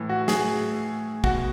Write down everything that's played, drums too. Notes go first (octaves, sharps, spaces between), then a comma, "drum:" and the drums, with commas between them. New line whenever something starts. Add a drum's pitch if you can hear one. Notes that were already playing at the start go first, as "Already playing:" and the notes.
Already playing: A2 E3
F#4
G#4, drum: snare
B2 F#4, drum: kick